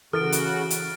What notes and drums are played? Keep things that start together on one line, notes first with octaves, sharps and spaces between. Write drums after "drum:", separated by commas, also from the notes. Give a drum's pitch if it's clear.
C#3 E3 F#4 A4 F6 A6 D7
drum: hi-hat
drum: hi-hat